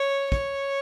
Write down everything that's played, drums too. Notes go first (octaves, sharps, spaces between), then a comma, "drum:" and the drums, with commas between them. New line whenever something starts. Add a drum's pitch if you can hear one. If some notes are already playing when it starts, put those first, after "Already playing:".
Already playing: C#5
C#5, drum: kick